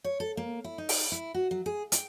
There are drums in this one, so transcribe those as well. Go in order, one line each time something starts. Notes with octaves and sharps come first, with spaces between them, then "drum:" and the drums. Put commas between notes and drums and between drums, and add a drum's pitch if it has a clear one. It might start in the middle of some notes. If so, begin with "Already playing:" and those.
C#5
A4
A#3
E4
D#4
drum: open hi-hat
E4
F#4
F#3
G#4
G5, drum: hi-hat